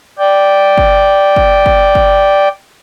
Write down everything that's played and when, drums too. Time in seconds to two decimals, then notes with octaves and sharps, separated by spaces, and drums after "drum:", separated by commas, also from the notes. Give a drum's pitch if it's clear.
0.19 D5 G5
0.78 drum: kick G1
1.36 drum: kick G1
1.66 drum: kick G1
1.95 drum: kick G1